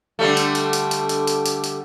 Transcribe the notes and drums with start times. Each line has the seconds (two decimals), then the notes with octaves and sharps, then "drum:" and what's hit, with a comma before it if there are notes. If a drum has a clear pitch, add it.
0.19 D3 G3 A3
0.37 drum: hi-hat
0.55 drum: hi-hat
0.73 drum: hi-hat
0.91 drum: hi-hat
1.09 drum: hi-hat
1.27 drum: hi-hat
1.46 drum: hi-hat
1.64 drum: hi-hat